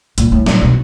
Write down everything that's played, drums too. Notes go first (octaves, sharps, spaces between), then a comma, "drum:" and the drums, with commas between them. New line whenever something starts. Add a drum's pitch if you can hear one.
A#2, drum: hi-hat
A2
A#2, drum: snare
B2